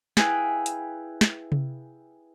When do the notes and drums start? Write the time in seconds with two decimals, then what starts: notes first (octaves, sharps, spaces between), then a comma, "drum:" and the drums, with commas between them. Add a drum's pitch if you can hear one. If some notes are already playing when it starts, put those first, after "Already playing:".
0.17 E4 G#4 B4 F5 G5 G#5, drum: snare
0.66 drum: hi-hat
1.21 drum: snare
1.52 drum: tom C3